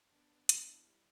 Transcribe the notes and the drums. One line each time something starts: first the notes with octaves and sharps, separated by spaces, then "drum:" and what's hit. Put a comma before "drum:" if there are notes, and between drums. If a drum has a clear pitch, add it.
B3 D4
B3
B3, drum: hi-hat
E4
G3